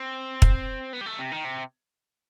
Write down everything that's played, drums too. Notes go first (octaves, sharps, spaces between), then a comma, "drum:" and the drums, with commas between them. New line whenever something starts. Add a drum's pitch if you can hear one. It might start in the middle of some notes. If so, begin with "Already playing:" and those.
Already playing: C4
drum: kick
B3
G3
A3
C3
D#3
C3